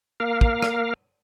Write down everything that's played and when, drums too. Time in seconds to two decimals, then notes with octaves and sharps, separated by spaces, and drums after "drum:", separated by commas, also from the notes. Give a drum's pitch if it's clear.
0.20 A#3 A#4 F5
0.41 drum: kick
0.62 drum: rim click